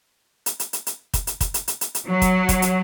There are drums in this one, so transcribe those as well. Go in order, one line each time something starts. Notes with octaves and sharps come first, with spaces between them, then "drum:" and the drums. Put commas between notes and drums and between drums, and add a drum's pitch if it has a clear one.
drum: hi-hat
drum: hi-hat
drum: hi-hat
drum: hi-hat
drum: kick, hi-hat
drum: hi-hat
drum: kick, hi-hat
drum: hi-hat
drum: hi-hat
drum: hi-hat
drum: hi-hat
F#3
drum: kick, hi-hat
drum: kick, hi-hat
drum: hi-hat